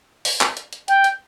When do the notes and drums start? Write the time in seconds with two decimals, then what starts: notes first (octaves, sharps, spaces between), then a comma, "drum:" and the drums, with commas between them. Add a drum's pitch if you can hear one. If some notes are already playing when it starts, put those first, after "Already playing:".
0.25 drum: open hi-hat
0.41 drum: clap
0.57 drum: hi-hat
0.73 drum: hi-hat
0.88 G5, drum: hi-hat
1.04 drum: hi-hat